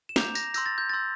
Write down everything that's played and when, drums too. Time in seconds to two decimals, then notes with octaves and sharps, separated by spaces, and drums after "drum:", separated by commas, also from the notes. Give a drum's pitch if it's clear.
0.09 E7
0.16 A#5 D6 G6 F7, drum: snare
0.35 A#6, drum: tambourine
0.54 C6 E6 G6 A#6, drum: tambourine
0.66 A6
0.78 G6
0.89 C6 E6 G6 A6